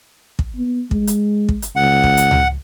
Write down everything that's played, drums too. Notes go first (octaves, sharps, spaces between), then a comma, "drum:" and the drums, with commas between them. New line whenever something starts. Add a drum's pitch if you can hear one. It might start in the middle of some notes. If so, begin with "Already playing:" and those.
drum: kick
B3
G#3, drum: kick
drum: hi-hat
drum: kick
drum: hi-hat
C#2 F#5
drum: kick
drum: hi-hat
drum: tom C#2